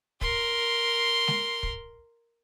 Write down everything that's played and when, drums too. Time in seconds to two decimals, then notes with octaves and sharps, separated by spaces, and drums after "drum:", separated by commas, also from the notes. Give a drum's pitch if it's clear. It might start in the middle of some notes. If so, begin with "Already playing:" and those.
0.21 A#4 C6, drum: kick
1.28 drum: snare G#3
1.63 drum: kick